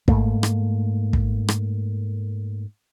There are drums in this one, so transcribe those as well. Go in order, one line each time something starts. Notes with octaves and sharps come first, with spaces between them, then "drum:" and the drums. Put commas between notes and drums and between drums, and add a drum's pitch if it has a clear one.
G#2 A3 A#3, drum: kick
drum: rim click
drum: kick
drum: rim click